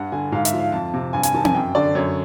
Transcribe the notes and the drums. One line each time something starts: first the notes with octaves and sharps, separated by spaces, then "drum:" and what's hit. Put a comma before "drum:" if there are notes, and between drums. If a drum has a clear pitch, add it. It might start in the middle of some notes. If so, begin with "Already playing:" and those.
Already playing: G2 F#5
D3 G#5
G#2 F5
E5, drum: hi-hat
F3
F5
F2 A5
C3
G2 G#5
G#5, drum: hi-hat
D#3 A5
G#5, drum: tom C4
F#2 G5
D3 D5
F#2 C#5